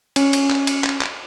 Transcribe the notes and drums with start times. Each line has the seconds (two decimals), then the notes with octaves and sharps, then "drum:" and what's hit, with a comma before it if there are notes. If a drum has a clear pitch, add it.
0.16 C#4, drum: cymbal
0.33 drum: cymbal
0.50 drum: clap
0.67 drum: cymbal
0.84 drum: clap
1.01 drum: clap